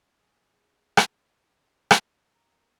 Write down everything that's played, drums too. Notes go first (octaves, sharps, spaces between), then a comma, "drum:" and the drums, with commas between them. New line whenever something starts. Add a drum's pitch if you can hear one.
G#4
drum: rim click
C3
drum: rim click
D4
A#4